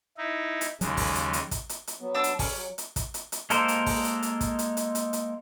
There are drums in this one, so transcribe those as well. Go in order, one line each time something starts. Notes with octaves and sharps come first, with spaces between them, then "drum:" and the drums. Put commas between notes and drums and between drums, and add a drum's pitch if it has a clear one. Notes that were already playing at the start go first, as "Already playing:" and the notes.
D#4 E4
drum: hi-hat
D#2 C#3 F#3 G#3, drum: hi-hat
drum: kick, open hi-hat
drum: hi-hat
drum: hi-hat
drum: kick, hi-hat
drum: hi-hat
drum: hi-hat
F#3 B3
D4 A5 E6
drum: hi-hat
C#4, drum: kick, open hi-hat
F#3
drum: hi-hat
drum: kick, hi-hat
drum: hi-hat
drum: hi-hat
G#3 A#3 A4 A#4 C5, drum: hi-hat
drum: hi-hat
drum: kick, open hi-hat
drum: hi-hat
drum: hi-hat
drum: kick, hi-hat
drum: hi-hat
drum: hi-hat
drum: hi-hat
drum: hi-hat